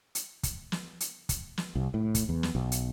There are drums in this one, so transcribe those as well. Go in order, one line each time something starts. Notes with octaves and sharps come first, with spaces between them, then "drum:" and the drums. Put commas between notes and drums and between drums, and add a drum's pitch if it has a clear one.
drum: hi-hat
drum: kick, hi-hat
drum: snare
drum: hi-hat
drum: kick, hi-hat
drum: snare
C2
A2
drum: kick, hi-hat
E2
drum: snare
B1
drum: hi-hat